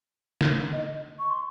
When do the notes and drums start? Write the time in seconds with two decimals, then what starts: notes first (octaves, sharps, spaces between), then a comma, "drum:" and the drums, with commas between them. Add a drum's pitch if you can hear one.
0.41 drum: snare
0.72 D#5
1.19 C#6
1.30 C6